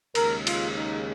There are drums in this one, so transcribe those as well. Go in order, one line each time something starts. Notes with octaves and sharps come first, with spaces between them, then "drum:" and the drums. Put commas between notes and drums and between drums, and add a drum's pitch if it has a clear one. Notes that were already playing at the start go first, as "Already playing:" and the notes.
D#2 C#3 G#3 A#4, drum: cymbal
F4, drum: cymbal
D#4